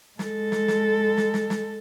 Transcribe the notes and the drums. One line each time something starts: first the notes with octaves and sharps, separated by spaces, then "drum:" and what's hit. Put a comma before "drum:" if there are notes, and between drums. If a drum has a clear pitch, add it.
G#3 A4, drum: snare
drum: snare
drum: snare
drum: snare
drum: snare
drum: snare